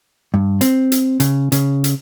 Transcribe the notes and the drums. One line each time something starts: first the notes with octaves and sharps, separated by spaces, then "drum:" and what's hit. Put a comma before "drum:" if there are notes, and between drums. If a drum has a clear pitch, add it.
G2
C4, drum: hi-hat
drum: hi-hat
C#3, drum: hi-hat
C#3, drum: hi-hat
drum: hi-hat